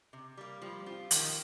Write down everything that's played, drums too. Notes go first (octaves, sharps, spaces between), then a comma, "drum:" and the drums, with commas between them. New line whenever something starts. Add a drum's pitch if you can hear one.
C3
G3 A#3
F3 G3
C4 F4
D#3 F3, drum: hi-hat